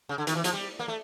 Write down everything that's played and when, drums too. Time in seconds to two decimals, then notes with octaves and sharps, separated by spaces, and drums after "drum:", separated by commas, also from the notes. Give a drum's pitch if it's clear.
0.09 C#3
0.18 D3
0.27 D#3, drum: hi-hat
0.35 E3
0.44 F3, drum: hi-hat
0.53 G3
0.79 A#3
0.88 A3